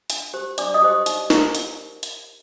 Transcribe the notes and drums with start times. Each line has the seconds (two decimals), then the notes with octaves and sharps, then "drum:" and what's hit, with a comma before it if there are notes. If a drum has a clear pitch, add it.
0.10 D4, drum: hi-hat
0.34 G4 C5
0.58 D4 D5 D6, drum: hi-hat
0.74 D#5 D#6
0.82 G4 C5
1.06 D#4, drum: hi-hat
1.30 A#4, drum: snare
1.55 drum: hi-hat
2.03 drum: hi-hat